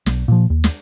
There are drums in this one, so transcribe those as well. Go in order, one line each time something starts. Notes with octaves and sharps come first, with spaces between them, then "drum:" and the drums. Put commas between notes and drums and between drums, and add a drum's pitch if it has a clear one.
B1, drum: snare
A#2 F3
D#2
drum: snare